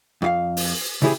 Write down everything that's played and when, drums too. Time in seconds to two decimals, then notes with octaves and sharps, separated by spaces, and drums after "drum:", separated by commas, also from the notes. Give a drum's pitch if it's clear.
0.22 F2 F4 F5
0.57 drum: open hi-hat
1.02 C#3 E3 E4 G4 G#4